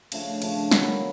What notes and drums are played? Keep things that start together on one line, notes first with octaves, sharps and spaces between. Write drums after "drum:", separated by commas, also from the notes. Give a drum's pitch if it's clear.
C#3 F3 A3 D4, drum: cymbal
C#3 F3 A3 D4, drum: cymbal
D#3 F#3 B3, drum: snare